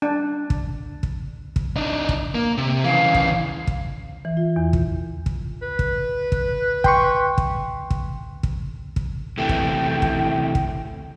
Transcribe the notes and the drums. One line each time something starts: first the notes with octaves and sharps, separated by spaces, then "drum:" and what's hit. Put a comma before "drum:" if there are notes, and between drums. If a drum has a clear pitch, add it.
D4
drum: kick
drum: kick
drum: kick
D4 D#4
drum: kick
A#3
C3
C#3 E3 F5
drum: kick
drum: kick
E3
F4
E2
A#2, drum: kick
drum: kick
B4
drum: kick
drum: kick
G5 C6 C#6, drum: kick
drum: kick
drum: kick
drum: kick
drum: kick
C3 E3 A3 G5
drum: kick
drum: kick
drum: kick